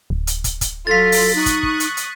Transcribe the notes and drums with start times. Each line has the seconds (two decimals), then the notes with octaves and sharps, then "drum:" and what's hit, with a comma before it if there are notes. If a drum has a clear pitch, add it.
0.10 D1
0.27 drum: hi-hat
0.44 drum: kick, hi-hat
0.61 drum: kick, hi-hat
0.87 F#3 F4 A4 A6 B6
1.12 drum: open hi-hat
1.35 D#4 C#6 D#6 F#6
1.46 drum: kick, hi-hat
1.63 drum: kick
1.80 drum: hi-hat
1.97 drum: hi-hat